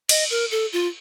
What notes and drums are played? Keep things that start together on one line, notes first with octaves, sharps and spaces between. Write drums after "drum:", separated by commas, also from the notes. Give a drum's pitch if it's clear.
D#5, drum: cymbal
A#4
A4
F4